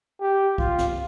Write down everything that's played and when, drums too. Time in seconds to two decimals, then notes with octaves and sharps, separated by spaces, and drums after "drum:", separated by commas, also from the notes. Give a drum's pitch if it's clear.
0.20 G4
0.58 F4, drum: kick B1
0.78 drum: snare